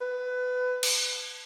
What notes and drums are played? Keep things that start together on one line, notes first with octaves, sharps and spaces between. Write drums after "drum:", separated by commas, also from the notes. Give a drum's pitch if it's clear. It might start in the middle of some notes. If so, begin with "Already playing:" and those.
B4
drum: cymbal